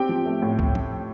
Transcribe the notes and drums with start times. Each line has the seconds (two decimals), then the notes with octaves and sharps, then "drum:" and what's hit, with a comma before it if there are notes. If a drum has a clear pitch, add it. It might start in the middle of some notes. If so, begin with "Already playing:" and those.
Already playing: C4 G4 G5
0.09 F3
0.26 A3
0.42 A2
0.59 drum: kick C#2
0.75 drum: tom F3